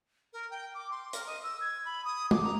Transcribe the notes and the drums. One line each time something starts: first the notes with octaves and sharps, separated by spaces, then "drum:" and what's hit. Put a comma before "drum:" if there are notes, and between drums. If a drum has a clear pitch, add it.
A#4
G5
D6
C6
A#4, drum: hi-hat
D#5
E6
G#6
B5
D#6
D6, drum: tom
A#5